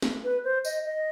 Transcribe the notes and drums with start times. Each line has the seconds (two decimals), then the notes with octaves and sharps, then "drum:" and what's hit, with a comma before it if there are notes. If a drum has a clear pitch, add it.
0.02 drum: snare
0.24 B4
0.44 C5
0.65 D#5, drum: tambourine
0.85 D#5